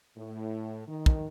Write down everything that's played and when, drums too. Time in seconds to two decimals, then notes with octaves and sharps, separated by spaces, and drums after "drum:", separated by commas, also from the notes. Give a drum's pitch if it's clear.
0.17 A2
0.88 D#3
1.06 drum: kick